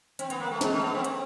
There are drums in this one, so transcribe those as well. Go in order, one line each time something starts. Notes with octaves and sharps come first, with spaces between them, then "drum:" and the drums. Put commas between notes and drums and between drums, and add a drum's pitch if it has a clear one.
C4, drum: hi-hat
B3, drum: hi-hat
A#3
A3
G#3, drum: snare
A3
B3
C4
drum: hi-hat